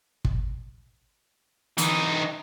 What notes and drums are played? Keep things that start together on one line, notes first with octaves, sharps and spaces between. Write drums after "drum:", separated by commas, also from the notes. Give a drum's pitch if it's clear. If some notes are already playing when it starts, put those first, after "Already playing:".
drum: kick
E3 D#4, drum: hi-hat